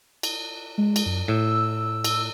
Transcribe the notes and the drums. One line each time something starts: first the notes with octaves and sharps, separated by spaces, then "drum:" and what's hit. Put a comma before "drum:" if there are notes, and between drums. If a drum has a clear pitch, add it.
drum: cymbal
G#3
drum: cymbal
F#2
A2 E6
drum: cymbal